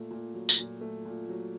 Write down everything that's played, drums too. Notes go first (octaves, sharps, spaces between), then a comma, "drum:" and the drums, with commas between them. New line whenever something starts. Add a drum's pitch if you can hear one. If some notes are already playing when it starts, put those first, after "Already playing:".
Already playing: A#2 A3
A#2
F#3
drum: tambourine
A#2
A3
A#2
F#3